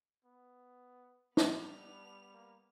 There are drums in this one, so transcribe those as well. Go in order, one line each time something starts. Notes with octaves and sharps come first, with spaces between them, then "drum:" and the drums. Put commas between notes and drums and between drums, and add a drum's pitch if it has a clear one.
B3
G3 B3 D4 F7, drum: snare
A#3